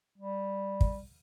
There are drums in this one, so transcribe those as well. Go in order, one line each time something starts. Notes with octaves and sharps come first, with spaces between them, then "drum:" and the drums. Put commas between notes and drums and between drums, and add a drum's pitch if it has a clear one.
G3
drum: kick